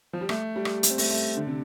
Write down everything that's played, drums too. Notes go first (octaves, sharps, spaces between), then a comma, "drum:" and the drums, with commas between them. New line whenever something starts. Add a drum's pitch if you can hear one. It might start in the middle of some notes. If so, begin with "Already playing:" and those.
F3
G3
A3, drum: rim click
G3
drum: rim click
A3, drum: hi-hat
C4
A3, drum: open hi-hat
A3
D3
C3